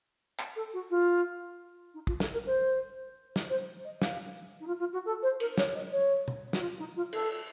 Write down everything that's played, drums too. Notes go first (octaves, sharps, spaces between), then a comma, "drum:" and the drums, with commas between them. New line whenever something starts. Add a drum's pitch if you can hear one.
drum: clap
A4
F#4
F4
D#4
F4, drum: kick
A4, drum: snare
A#4
C5
drum: snare
C5
D#5
F5, drum: snare
D#4
F4
F4
F#4
A4
C5
A#4, drum: cymbal
C#5, drum: snare
D#5
C#5
drum: tom B2
F#4, drum: snare
F4
D#4
F4
A4, drum: cymbal